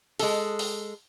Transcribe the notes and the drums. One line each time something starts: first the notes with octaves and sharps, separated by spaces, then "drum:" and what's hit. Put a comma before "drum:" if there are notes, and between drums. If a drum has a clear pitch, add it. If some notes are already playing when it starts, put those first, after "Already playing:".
G#3 A4, drum: open hi-hat
drum: open hi-hat